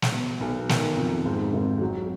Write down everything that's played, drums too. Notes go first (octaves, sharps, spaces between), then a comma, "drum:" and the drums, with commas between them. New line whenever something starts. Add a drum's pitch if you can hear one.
drum: snare
B2
B1
D#3, drum: snare
F2
G#2
G#1
F#3